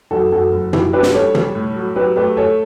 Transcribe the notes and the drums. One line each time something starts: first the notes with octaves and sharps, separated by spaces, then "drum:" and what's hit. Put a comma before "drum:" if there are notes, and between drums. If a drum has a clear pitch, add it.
F#1 F#4 A4
F#1 F#4 A4
F#1
B2 E4 G4, drum: tom
D4 G4 B4
drum: snare
G3 A4 C#5
G3, drum: tom
A2
F#3
F#3 G4 B4
A3 G4 B4
A3 A4 C#5